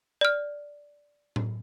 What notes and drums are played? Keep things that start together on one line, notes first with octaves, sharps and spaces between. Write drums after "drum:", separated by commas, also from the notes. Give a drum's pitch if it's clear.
D5 F6
drum: tom A2